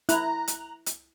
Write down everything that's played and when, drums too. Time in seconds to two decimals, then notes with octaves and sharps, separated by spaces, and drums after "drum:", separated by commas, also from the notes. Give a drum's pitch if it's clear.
0.09 E4 A#5 F#6, drum: hi-hat
0.48 drum: hi-hat
0.86 drum: hi-hat